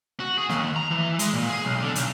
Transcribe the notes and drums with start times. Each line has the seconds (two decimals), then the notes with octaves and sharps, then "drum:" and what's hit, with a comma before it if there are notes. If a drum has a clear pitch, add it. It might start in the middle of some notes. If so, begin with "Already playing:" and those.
0.20 F#4
0.38 G#4
0.49 D#2, drum: snare
0.76 A#5
0.91 E3
1.19 G#3, drum: hi-hat
1.34 A#2
1.50 G#4
1.65 B1
1.81 D3
1.95 B1, drum: hi-hat